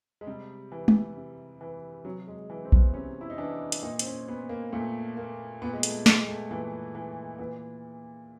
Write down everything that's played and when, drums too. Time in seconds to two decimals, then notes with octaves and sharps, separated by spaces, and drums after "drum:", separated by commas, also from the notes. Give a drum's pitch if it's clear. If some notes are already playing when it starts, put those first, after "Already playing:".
0.21 G#3
0.27 C3 G3
0.72 E3
0.88 drum: tom G#3
1.17 C3
1.61 E3
2.05 C3 F#3
2.28 G#3
2.50 E3
2.65 C4
2.72 B3, drum: kick A#1
2.94 C3 C#4
3.21 E4
3.30 D#4
3.38 E3 D4
3.72 drum: hi-hat
3.83 A#2 D#4
3.99 C4, drum: hi-hat
4.06 C#4
4.28 B3
4.49 A#3
4.72 A#2 A3
5.17 A#3
5.62 A#2 B3
5.73 G#3
5.83 A3, drum: hi-hat
6.06 G#3, drum: snare
6.28 A3
6.51 A#2 E3
6.95 E3
7.39 A#2 E3